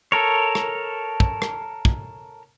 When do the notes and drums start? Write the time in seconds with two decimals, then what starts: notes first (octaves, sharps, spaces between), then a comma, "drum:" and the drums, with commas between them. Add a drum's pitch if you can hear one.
0.12 A4 A#4 C#5
0.55 drum: rim click
1.20 drum: kick
1.42 drum: rim click
1.85 drum: kick